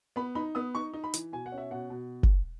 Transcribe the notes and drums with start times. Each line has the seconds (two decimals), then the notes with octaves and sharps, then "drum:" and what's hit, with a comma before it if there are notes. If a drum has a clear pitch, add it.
0.16 B3 B5
0.35 D#4 B5
0.55 B3 D#6
0.75 D#4 C#6
0.94 D#4
1.04 B5
1.14 E3, drum: hi-hat
1.32 B2 G#5
1.46 F#5
1.52 C#4
1.58 E5
1.71 B2 F#5
1.90 B2
2.23 drum: kick